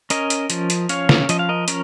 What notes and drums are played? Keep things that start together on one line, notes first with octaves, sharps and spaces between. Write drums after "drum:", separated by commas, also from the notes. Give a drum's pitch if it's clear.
C#4 A#4 D#5, drum: hi-hat
drum: hi-hat
F3, drum: hi-hat
drum: hi-hat
C#4 C#5 F5, drum: hi-hat
drum: snare
F3 D#5, drum: hi-hat
F5
A#4 D#5
C#4 A#4, drum: hi-hat